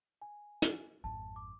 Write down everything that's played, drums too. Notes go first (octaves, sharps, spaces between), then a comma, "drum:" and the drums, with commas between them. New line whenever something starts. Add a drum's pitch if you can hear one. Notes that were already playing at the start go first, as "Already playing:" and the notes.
G#5
drum: hi-hat
G#1 F2 A5
D6